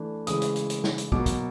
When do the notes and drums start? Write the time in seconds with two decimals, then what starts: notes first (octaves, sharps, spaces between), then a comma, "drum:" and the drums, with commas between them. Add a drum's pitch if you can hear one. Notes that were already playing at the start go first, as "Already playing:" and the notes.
Already playing: E3 A3 D4
0.27 C#3 E3 G#3 D#6, drum: hi-hat
0.42 drum: hi-hat
0.56 drum: hi-hat
0.70 drum: hi-hat
0.84 drum: snare
0.98 drum: hi-hat
1.12 B2 F#3 A#3 D6, drum: kick
1.26 drum: kick, hi-hat